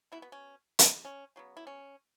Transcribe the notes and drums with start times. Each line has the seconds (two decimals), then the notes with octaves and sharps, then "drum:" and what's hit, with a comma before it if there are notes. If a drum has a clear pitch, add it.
0.12 B2 B3 E4
0.22 B3
0.32 C#4
0.79 drum: hi-hat
1.05 C#4
1.36 C#3 F#3 B3
1.57 E4
1.67 C#4